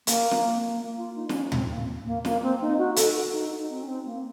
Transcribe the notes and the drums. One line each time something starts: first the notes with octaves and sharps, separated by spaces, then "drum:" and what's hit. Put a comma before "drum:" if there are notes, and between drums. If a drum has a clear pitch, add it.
A#3, drum: hi-hat
drum: snare
A#3
F4
D#4
D#4, drum: snare
C#4
C4, drum: tom
A#3
A#3
A#3, drum: snare
C4
D#4
F#4
A4, drum: hi-hat
F#4
D#4
D#4
C4
C#4
C4
A#3